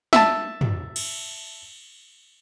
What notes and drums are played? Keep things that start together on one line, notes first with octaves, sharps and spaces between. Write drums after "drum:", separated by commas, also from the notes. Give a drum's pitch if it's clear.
E5 A5, drum: snare
drum: tom
drum: cymbal